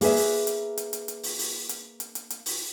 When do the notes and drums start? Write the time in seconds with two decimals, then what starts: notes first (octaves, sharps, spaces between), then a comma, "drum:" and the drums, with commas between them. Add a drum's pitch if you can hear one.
0.01 A#3 G#4 B4 E5, drum: open hi-hat
0.16 drum: open hi-hat
0.47 drum: hi-hat
0.77 drum: hi-hat
0.93 drum: hi-hat
1.08 drum: hi-hat
1.23 drum: open hi-hat
1.39 drum: open hi-hat
1.69 drum: hi-hat
2.00 drum: hi-hat
2.15 drum: hi-hat
2.30 drum: hi-hat
2.46 drum: open hi-hat